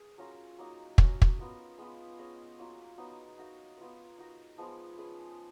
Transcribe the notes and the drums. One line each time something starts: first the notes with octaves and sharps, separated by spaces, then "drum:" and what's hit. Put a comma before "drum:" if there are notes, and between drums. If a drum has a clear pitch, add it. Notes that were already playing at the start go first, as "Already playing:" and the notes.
Already playing: G#4 B4
F#3 C#4 F4 A#4
F#3 A#3 D#4 F#4
F#3 C#4 F#4, drum: kick
drum: kick
B3 F4 A#4
G#3 B3 F4 B4
C#4 G#4 D#5
F#3 A#3 F4
F#3 B3 D#4
D#4 F#4 A#4 F5
B3 F4 B4
D#4 F#4 A#4
F3 G#3 B3
G#3 C#4 G#4 B4